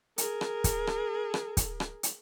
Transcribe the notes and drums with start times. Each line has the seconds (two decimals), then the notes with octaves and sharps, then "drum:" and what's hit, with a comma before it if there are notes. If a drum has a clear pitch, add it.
0.18 G#4 A#4, drum: hi-hat
0.41 drum: rim click
0.64 drum: kick, hi-hat
0.87 drum: rim click
1.34 drum: rim click
1.57 drum: kick, hi-hat
1.80 drum: rim click
2.03 drum: hi-hat